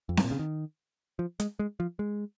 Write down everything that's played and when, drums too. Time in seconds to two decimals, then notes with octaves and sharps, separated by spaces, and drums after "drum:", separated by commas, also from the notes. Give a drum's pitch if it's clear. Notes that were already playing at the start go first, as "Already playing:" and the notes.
0.09 F2
0.17 G#2, drum: snare C4
0.24 A#2
0.31 C#3
0.39 D#3
1.19 F3
1.40 G#3, drum: hi-hat
1.59 G#3
1.80 F3
1.99 G#3